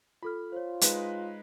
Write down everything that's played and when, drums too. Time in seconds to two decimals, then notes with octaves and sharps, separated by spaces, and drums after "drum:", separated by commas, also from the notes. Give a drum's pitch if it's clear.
0.23 F4 A4 B5 F6
0.52 F4 C5 C#5
0.81 G#3 D#4 B4, drum: hi-hat